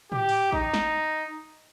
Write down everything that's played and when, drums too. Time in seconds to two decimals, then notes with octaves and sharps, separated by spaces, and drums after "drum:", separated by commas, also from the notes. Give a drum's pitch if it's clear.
0.12 G4, drum: tom A2
0.29 drum: open hi-hat
0.52 D#4, drum: kick A1
0.74 drum: snare